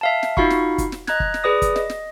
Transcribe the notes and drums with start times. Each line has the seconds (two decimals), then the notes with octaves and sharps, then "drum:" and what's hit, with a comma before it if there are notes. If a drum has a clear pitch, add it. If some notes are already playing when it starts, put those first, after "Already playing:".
0.01 E5 F5 A5
0.23 drum: snare
0.37 D#4 F4 F#4 F5 B5 C#6, drum: kick
0.50 drum: snare
0.78 drum: kick, hi-hat
0.92 drum: snare
1.07 D#5 A#5 F#6 G#6, drum: snare
1.20 drum: kick
1.34 drum: snare
1.43 G#4 B4 D5 D#6 A#6
1.62 drum: kick, hi-hat
1.76 D#5, drum: snare
1.90 drum: snare